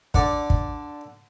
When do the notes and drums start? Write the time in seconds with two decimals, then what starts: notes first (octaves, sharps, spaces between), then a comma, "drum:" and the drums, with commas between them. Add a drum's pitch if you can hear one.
0.14 D3 D5, drum: kick
0.50 drum: kick